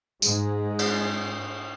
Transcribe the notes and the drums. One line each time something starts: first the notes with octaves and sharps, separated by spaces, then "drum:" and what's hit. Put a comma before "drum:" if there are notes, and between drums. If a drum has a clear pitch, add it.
G#2 G#3, drum: tambourine
drum: cymbal